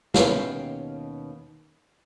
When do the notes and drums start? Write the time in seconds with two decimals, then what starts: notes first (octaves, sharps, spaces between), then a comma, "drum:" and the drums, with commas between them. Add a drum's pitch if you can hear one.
0.14 D#2 B2 C#4 F5 G5 C6, drum: snare